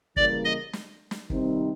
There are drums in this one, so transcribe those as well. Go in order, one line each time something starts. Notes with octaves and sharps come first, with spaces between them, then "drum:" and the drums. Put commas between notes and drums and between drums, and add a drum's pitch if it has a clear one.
C#3 E3 G3 A#3 D5, drum: kick
D#5
drum: snare
drum: snare
C3 D#3 G3 C4 D#4, drum: kick